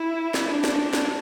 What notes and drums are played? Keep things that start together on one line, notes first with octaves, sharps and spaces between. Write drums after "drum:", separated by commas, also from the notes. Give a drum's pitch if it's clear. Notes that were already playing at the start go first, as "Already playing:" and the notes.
Already playing: E4
drum: snare
D4
drum: snare
drum: snare